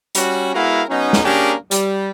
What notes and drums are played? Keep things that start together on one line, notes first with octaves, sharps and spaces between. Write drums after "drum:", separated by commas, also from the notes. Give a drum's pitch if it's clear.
G3 C#4 F#4, drum: hi-hat
G#3 B3 E4 F#4 A#4 F5
F#3 B3 C#4 D#4
drum: snare
A#3 C#4 D4 G4 G#4 A#4
G3, drum: hi-hat